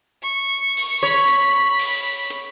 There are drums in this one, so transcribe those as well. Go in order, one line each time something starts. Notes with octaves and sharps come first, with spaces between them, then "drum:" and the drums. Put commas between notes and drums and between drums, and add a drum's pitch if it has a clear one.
C#6
drum: open hi-hat
C#5 B5
drum: hi-hat
drum: open hi-hat
drum: hi-hat